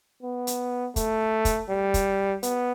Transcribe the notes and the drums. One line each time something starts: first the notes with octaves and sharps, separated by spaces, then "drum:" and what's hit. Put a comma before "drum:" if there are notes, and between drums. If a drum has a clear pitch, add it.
B3
drum: hi-hat
A3, drum: kick, hi-hat
drum: kick, hi-hat
G3
drum: kick, hi-hat
B3, drum: hi-hat